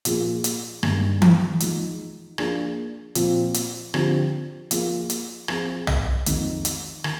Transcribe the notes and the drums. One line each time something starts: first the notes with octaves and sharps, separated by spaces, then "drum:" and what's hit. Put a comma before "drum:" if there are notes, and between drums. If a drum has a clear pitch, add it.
A#2 F3 A#3 F4 G#4, drum: hi-hat
drum: hi-hat
G2 D#3 G#3, drum: rim click
drum: tom E3
F3 G#3 D#4, drum: hi-hat
F3 A#3 D4 F4 G#4, drum: rim click
A#2 F3 C4, drum: hi-hat
drum: hi-hat
D3 F3 C4 G4, drum: rim click
F3 A#3 F4 G#4, drum: hi-hat
drum: hi-hat
F3 C4 F4 G#4, drum: rim click
drum: tom
F2 D#3 G#3 D#4, drum: hi-hat
drum: hi-hat
D#3, drum: rim click